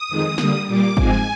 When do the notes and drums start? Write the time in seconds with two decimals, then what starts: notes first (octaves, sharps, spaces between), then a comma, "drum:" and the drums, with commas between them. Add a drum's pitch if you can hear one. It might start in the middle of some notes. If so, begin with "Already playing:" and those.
Already playing: D#6
0.09 F2 D#3 G#3
0.38 D3 G3 A#3, drum: snare
0.67 A#2 G3 A#3 D6
0.97 G#2 F3 G#3 C4 G#5, drum: kick